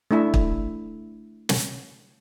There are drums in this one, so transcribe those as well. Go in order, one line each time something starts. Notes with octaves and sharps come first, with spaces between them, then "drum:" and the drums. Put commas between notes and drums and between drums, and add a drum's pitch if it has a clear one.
A3 D4 E4 E5
drum: kick
drum: snare